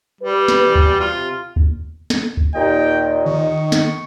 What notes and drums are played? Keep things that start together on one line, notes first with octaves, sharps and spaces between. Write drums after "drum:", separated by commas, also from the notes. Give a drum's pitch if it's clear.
G3 B4
drum: snare
E2 B2 E3
drum: kick D2
C3 F4
drum: kick D2
drum: snare
drum: kick D2
D#2 A#2 D#5 G5
D#3 C#6
drum: snare